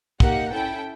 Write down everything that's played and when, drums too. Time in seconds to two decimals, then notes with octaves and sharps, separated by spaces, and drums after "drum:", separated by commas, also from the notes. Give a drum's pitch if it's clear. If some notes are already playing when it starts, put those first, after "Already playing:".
0.20 A#3 D#4 G4 F#5, drum: kick
0.50 C#4 E4 A4 G5